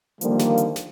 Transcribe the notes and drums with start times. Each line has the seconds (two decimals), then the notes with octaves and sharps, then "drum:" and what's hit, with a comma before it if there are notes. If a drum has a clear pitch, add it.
0.21 D3 D#3 F3 G3 A#3, drum: hi-hat
0.39 drum: snare
0.58 drum: hi-hat
0.76 drum: snare